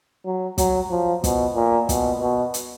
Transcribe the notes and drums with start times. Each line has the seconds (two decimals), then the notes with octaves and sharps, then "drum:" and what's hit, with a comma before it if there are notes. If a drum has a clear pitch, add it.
0.25 F#3
0.58 F#3, drum: kick, hi-hat
0.91 F3
1.24 B2, drum: kick, hi-hat
1.55 A#2
1.89 B2, drum: kick, hi-hat
2.21 B2
2.54 drum: hi-hat